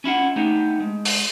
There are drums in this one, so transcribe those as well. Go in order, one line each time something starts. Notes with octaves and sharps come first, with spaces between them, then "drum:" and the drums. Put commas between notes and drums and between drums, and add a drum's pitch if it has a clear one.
C#4 E4 F4 F#5
A3 B3 D4 D#4 G4
G#3
drum: open hi-hat